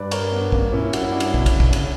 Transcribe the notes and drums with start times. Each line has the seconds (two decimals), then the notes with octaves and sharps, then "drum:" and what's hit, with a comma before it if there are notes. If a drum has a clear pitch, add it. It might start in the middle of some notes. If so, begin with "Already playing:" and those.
Already playing: G2 B4 D5
0.11 A#4 C#5, drum: cymbal
0.32 B3 D4
0.52 G2 A#3 C#4, drum: kick
0.72 A#2 C#4 E4
0.85 G2
0.93 F#2 F#4, drum: cymbal
1.03 E4
1.09 G2 D4 F#4
1.20 drum: cymbal
1.34 B2, drum: kick
1.46 C#3, drum: kick, cymbal
1.60 B2, drum: kick
1.73 C#3, drum: cymbal